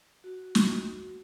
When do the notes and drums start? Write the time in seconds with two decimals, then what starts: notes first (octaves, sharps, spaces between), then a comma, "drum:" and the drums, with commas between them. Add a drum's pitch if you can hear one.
0.24 F#4
0.55 drum: snare